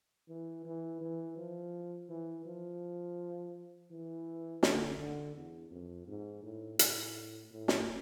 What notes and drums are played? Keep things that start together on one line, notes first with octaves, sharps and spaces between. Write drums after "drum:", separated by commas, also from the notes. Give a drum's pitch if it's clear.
E3
E3
E3
F3
E3
F3
E3
D3, drum: snare
D3
E2
F2
G#2
A2
A2, drum: hi-hat
A2
drum: snare